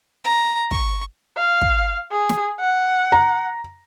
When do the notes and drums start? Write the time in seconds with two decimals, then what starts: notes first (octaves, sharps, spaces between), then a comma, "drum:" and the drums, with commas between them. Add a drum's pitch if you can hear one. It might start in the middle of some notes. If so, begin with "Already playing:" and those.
0.24 A#5
0.71 C#6, drum: kick
1.37 F5
1.61 drum: kick
2.12 G#4
2.29 drum: snare
2.60 F#5
3.12 A#5